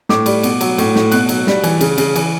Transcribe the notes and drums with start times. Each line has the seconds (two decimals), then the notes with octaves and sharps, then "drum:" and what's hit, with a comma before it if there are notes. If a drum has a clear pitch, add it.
0.09 A2 D6, drum: snare
0.26 G3, drum: cymbal
0.43 B2, drum: cymbal
0.61 F#3, drum: cymbal
0.78 A2, drum: cymbal
0.96 A2, drum: snare
1.12 B2 F#6, drum: cymbal
1.29 F#3, drum: cymbal
1.47 G3, drum: snare
1.64 E3, drum: cymbal
1.81 C#3, drum: cymbal
1.98 C#3, drum: cymbal
2.16 E3, drum: cymbal